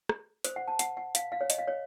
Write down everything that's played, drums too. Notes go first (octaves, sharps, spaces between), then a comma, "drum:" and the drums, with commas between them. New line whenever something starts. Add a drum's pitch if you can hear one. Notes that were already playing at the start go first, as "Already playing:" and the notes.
drum: rim click
C5, drum: hi-hat
F#5
A5
F#5, drum: hi-hat
F#5
F5, drum: hi-hat
F5
C#5
D#5, drum: hi-hat
F5
C#5